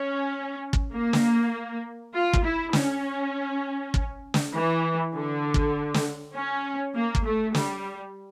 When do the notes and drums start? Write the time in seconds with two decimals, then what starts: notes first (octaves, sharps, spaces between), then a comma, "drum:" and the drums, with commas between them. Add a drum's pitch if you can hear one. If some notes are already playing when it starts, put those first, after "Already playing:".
Already playing: C#4
0.73 drum: kick
0.93 A#3
1.13 drum: snare
2.14 F4
2.33 drum: kick
2.44 E4
2.73 C#4, drum: snare
3.94 drum: kick
4.34 drum: snare
4.54 E3
5.15 D3
5.54 drum: kick
5.94 drum: snare
6.35 C#4
6.95 A#3
7.15 drum: kick
7.24 A3
7.55 G3, drum: snare